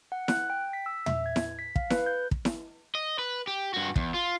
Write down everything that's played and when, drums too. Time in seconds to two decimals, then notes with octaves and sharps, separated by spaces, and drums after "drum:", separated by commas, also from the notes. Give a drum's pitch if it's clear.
0.12 F#5
0.28 F#6, drum: snare E4
0.50 G5
0.73 B6
0.86 E6
1.06 E5, drum: tom
1.26 G#6
1.36 drum: snare E4
1.59 B6
1.76 F5, drum: kick
1.90 B4, drum: snare E4
2.06 G6
2.31 drum: kick
2.45 drum: snare E4
2.95 D#5
3.19 B4
3.47 G4
3.74 G2 F#4
3.96 E2, drum: kick
4.14 F4